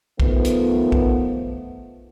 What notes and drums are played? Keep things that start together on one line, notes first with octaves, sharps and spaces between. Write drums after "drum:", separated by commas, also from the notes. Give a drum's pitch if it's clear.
D#3 F3 A3 B3, drum: kick B1
drum: hi-hat
drum: kick B1